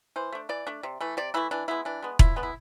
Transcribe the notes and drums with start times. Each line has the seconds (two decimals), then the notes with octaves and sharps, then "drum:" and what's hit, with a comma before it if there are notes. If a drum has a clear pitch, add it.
0.16 E3 C5
0.32 A3 D4
0.49 E3 D5
0.67 A3 D4
0.83 C3
1.01 E3 A3
1.17 C3 D5
1.34 E3 A3 E4
1.51 E3 D4
1.68 G#3 B3 E4
1.85 E3 D4
2.02 G#3 B3
2.19 F3 E4, drum: kick E1
2.36 G#3 B3 D4
2.43 E4